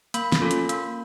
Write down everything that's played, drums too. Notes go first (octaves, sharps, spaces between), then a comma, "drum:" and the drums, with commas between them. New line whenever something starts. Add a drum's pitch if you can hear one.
A#3 B5, drum: hi-hat
drum: snare
C#4 F4 A4
drum: hi-hat
A#3, drum: hi-hat